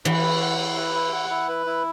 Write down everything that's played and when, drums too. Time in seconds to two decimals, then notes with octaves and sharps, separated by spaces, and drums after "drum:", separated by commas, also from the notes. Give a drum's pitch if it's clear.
0.05 E3 B4, drum: cymbal
0.23 E4
0.41 F#5
0.59 E4
0.76 B4
0.95 E4
1.13 F#5
1.30 E4
1.48 B4
1.66 E4